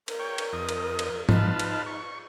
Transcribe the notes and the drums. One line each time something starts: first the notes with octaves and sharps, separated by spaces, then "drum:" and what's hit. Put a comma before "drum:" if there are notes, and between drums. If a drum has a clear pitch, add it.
A#4, drum: cymbal
C#5 G5
drum: cymbal
F2 D#5
drum: cymbal
drum: cymbal
D#4 F4 B4 A5, drum: tom
drum: cymbal
C#6